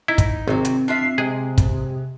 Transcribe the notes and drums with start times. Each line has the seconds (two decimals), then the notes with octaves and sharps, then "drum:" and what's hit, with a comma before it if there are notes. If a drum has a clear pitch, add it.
0.08 D#4 E4
0.18 drum: kick, hi-hat
0.48 G#1 C3 F#3 C4
0.65 drum: hi-hat
0.88 D4 F4 E5 C7
1.18 C3 G#3 G#4
1.58 drum: kick, hi-hat